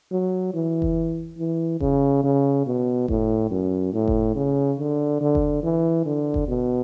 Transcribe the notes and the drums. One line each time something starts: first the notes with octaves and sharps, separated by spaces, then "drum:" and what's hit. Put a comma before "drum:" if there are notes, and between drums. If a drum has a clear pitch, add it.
F#3
E3
drum: kick F#1
E3
C#3, drum: kick F#1
C#3
B2
A2, drum: kick F#1
F#2
A2
drum: kick F#1
C#3
D3
D3
drum: kick F#1
E3
D3
drum: kick F#1
B2